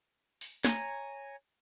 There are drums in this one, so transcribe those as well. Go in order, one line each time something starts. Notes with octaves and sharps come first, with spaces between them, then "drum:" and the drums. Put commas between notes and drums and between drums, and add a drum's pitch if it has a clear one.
drum: open hi-hat
C#5 G#5 A#5, drum: snare